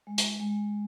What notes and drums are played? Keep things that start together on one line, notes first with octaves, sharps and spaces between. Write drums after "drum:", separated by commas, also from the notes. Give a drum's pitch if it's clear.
G#3
drum: hi-hat
G#3